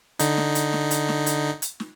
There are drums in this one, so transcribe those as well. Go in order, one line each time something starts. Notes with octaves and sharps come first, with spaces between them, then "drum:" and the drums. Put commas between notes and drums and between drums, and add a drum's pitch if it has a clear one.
D3 D#4, drum: hi-hat
drum: snare
drum: hi-hat
drum: snare
drum: hi-hat
drum: snare
drum: hi-hat
drum: hi-hat
drum: snare